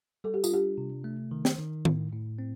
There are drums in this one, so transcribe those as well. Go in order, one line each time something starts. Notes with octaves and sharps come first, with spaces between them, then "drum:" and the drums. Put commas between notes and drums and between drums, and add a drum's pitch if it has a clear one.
G3 A4
G4
F4, drum: tambourine
D4 G4
C3
A3
D#3
drum: snare
D#3
A2, drum: tom D#3
A2
C4